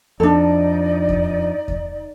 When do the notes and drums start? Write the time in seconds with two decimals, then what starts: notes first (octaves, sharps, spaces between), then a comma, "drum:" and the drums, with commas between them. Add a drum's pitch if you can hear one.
0.20 F2 D4 D#4 A4 D5
1.09 drum: kick E2
1.68 drum: kick E2